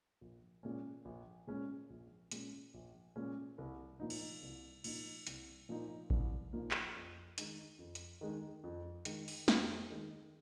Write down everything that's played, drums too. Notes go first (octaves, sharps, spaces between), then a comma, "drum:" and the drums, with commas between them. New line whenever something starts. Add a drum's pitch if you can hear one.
A#1
A#2 G#3 C#4
A#1
A#2 G#3 C#4
A#1
A#2 G#3 C#4, drum: hi-hat
A#1
A#2 G#3 C#4
C2
A#2 F3 A#3 D#4
drum: cymbal
C2
A#2 F3 A#3 D#4, drum: cymbal
C2, drum: hi-hat
A#2 F3 A#3 D#4
C2, drum: kick A1
A#2 F3 A#3 D#4
drum: clap
F2
D#3 G#3 D#4, drum: hi-hat
F2
drum: hi-hat
D#3 G#3 D#4
F2
D#3 G#3 D#4, drum: hi-hat
drum: open hi-hat
F2, drum: snare
D#3 G#3 D#4